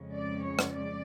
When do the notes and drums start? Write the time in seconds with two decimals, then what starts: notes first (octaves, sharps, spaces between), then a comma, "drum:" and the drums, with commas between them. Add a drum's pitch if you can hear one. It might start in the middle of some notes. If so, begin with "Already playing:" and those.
Already playing: F2 C#3 G#3 C#4
0.16 D5
0.44 C#5
0.59 drum: rim click
0.72 D5